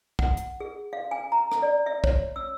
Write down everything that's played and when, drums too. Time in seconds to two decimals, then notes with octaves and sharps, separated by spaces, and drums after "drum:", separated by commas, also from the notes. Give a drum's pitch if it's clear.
0.19 F#5, drum: kick
0.37 drum: hi-hat
0.60 G#4
0.93 F5
1.11 G#5
1.32 A#5
1.52 drum: rim click
1.62 D5
1.86 E5
2.04 C#5, drum: kick
2.36 E6